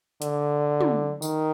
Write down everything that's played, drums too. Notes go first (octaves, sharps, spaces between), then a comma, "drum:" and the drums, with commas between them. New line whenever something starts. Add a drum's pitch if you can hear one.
D3, drum: hi-hat
drum: tom
D#3, drum: tambourine